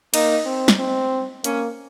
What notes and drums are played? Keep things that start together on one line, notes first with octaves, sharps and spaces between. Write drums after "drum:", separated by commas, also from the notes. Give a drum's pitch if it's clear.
A#3 D#4, drum: cymbal
C4
drum: snare
C4
A#3 C#4, drum: hi-hat